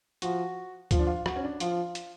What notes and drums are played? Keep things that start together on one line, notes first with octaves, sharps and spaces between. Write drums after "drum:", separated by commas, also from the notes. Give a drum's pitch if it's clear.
F3 F#4, drum: hi-hat
F3 F4, drum: kick D2, hi-hat
D4
F4
F#4, drum: rim click
C#4
D4
F3 F4, drum: hi-hat
drum: hi-hat